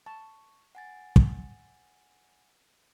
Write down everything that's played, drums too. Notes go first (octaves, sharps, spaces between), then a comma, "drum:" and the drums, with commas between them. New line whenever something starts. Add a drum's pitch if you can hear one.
A5 C#6
F#5 G#5 A6
drum: kick